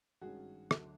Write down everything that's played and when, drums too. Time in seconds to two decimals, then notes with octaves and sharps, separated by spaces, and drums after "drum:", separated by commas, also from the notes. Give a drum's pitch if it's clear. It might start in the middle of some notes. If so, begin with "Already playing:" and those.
0.21 G#1 G2 D#3 G#3 C#4 F#4 G#4
0.71 D2 D3 F#3 A3, drum: rim click